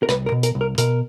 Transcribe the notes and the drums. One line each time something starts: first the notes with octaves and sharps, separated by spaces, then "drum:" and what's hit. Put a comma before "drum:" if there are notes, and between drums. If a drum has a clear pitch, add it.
A#4
C2 B4, drum: rim click
A#4
B2
A#4, drum: hi-hat
C2
A#4
B2 A#4, drum: hi-hat